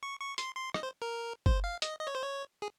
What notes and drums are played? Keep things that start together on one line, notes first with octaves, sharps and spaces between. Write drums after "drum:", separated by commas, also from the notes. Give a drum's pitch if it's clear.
C#6
C#6
C6, drum: hi-hat
C6
D#5, drum: rim click
C5
A#4
C5, drum: kick F#1
F5
D#5, drum: hi-hat
D#5
C#5
C5
C#5
G#4